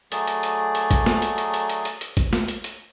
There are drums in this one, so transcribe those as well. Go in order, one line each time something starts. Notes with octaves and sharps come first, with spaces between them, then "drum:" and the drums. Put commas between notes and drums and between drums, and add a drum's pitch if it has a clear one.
F#3 A3 G#4 D5, drum: hi-hat
drum: hi-hat
drum: hi-hat
drum: hi-hat
drum: kick, hi-hat
drum: snare
drum: hi-hat
drum: hi-hat
drum: hi-hat
drum: hi-hat
drum: hi-hat
drum: hi-hat
drum: kick, hi-hat
drum: snare
drum: hi-hat
drum: hi-hat